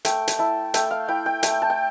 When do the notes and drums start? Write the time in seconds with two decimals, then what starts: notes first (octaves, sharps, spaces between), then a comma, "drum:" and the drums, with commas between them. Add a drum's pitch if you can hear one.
0.05 A3 G5, drum: hi-hat
0.28 drum: hi-hat
0.39 E4 A5
0.74 A3 G5, drum: hi-hat
0.91 F5
1.08 E4 G5
1.26 G5
1.43 A3 G5, drum: hi-hat
1.62 A5
1.70 G5